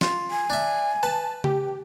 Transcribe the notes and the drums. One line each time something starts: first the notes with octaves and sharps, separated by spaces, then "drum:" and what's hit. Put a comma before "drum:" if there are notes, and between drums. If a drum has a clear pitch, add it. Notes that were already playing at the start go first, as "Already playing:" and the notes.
F4, drum: snare
G#5
D4 E5
B4 A5
G4, drum: tom C#3